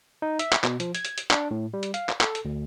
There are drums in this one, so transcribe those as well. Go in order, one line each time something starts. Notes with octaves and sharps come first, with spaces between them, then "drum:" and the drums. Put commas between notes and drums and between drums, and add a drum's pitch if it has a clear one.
D#4
E5, drum: hi-hat
drum: clap
B2, drum: clap
F3, drum: hi-hat
G#6, drum: hi-hat
drum: hi-hat
drum: hi-hat
D4, drum: clap
A2
G3
drum: hi-hat
F5, drum: hi-hat
drum: clap
A4, drum: clap
drum: hi-hat
D2